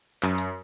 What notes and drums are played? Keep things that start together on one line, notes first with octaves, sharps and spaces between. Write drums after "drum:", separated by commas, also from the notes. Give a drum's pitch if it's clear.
F#2, drum: clap
drum: hi-hat